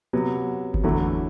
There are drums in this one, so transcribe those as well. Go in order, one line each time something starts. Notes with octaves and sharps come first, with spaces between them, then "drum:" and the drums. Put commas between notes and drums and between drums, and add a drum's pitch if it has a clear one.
C3 F#3 B3
drum: kick G1
E2 D3 F#3 A3 E4